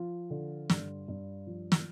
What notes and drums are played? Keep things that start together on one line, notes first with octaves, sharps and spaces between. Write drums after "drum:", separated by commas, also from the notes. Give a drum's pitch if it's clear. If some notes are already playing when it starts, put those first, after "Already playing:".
Already playing: F3 F4
D3
G2, drum: snare
G2
F3
drum: snare